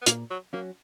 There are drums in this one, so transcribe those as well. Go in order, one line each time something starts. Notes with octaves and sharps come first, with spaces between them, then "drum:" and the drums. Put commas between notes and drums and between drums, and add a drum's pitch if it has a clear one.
B3
A#2 A#3, drum: hi-hat
F#3
F#3 A#3 C#4 F#4